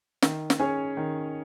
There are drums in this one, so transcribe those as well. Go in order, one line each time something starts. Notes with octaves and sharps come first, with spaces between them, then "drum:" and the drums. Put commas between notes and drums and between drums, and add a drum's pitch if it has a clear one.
D#3, drum: snare
drum: snare
C#4 G#4 C#5
D#3